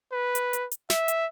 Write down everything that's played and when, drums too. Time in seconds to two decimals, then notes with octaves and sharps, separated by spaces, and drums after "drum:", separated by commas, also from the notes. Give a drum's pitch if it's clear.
0.12 B4
0.35 drum: hi-hat
0.53 drum: hi-hat
0.71 drum: hi-hat
0.90 E5, drum: snare
1.08 drum: hi-hat